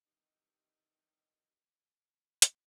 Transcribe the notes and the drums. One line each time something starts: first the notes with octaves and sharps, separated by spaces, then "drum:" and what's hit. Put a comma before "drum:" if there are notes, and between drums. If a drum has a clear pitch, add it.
C3 D#3 E3 G3 D#4
drum: hi-hat